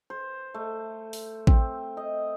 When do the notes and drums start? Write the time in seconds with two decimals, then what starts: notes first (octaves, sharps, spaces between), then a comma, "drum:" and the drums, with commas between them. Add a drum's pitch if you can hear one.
0.10 C5
0.54 A3
1.13 drum: open hi-hat
1.47 C4, drum: kick A1
1.97 D#5